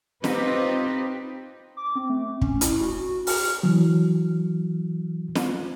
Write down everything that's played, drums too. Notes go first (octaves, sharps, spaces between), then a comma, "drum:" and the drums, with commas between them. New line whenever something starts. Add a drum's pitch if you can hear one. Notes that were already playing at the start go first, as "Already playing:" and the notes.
C4 D#4 F4 G4 B4, drum: snare
D6
C4
A3
C#4, drum: kick
E4, drum: hi-hat
F#4
F6, drum: open hi-hat
E3 F#3
drum: snare